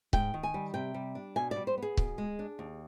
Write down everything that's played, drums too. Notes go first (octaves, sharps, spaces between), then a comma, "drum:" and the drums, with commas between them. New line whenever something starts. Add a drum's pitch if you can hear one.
G#2 G5, drum: kick C#1
D#3
G#5
G3
C3 G5
G3
D4
B2 G#5
G3 D5
C5
B3 G#4
B2, drum: kick C#1
G#3
D4
D#2